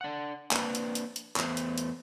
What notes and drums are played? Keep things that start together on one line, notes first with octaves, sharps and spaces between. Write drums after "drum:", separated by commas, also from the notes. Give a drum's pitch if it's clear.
D4 F#5
A#3 C4 D4 B4, drum: clap
drum: hi-hat
drum: hi-hat
drum: hi-hat
E2 A3 B3 C5, drum: clap
drum: hi-hat
drum: hi-hat